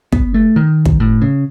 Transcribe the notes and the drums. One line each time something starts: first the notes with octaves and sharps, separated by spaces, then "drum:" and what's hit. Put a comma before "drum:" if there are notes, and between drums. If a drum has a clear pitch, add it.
B3, drum: kick
A3
D#3
drum: kick
A2
C#3